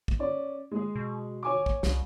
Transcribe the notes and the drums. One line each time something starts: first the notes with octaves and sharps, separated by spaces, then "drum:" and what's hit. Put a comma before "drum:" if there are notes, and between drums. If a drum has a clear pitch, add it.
drum: kick
C#4 D5
G#3 G#4
B2
C#5 G#5 D6
drum: kick
C2, drum: snare